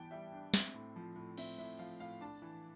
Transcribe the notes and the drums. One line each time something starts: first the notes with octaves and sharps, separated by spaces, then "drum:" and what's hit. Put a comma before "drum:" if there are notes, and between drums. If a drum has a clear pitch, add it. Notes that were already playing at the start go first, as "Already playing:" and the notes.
Already playing: E3 G3 B3 G5 A5
G3 E5
D4
C4 E5, drum: snare
A2
F3
A2
C4 E5, drum: cymbal
A2 E5
F3 F5
A2 F5
D4 A5
E3